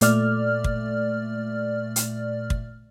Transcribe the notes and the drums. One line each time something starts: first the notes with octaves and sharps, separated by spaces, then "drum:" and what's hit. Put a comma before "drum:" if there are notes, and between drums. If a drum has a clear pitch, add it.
A#2 A3 D5 F6, drum: hi-hat
drum: kick
drum: hi-hat
drum: kick